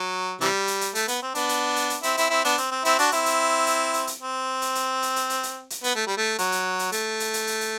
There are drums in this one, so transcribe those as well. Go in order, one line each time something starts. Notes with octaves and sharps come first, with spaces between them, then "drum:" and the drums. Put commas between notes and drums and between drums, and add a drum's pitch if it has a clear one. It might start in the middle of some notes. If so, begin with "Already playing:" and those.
Already playing: F#3
C3 E3 G3, drum: hi-hat
drum: hi-hat
drum: hi-hat
A3, drum: hi-hat
B3, drum: hi-hat
C4
B3 D4, drum: hi-hat
drum: hi-hat
drum: hi-hat
drum: hi-hat
C4 E4, drum: hi-hat
C4 E4, drum: hi-hat
C4 E4
B3 D4, drum: hi-hat
C4, drum: hi-hat
C4
C4 E4, drum: hi-hat
D4 F#4, drum: hi-hat
C4 E4, drum: hi-hat
drum: hi-hat
drum: hi-hat
drum: hi-hat
drum: hi-hat
C4
drum: hi-hat
drum: hi-hat
drum: hi-hat
drum: hi-hat
drum: hi-hat
drum: hi-hat
drum: hi-hat
B3, drum: hi-hat
A3
G3
A3
F#3, drum: hi-hat
drum: hi-hat
drum: hi-hat
A3, drum: hi-hat
drum: hi-hat
drum: hi-hat
drum: hi-hat
drum: hi-hat